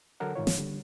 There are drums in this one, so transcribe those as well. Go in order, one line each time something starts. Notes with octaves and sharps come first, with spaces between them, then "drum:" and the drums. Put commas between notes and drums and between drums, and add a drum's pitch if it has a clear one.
D3 F#3 A4 A#4 F#5
G#2 D#3 F4 C#5
drum: snare
D3 G3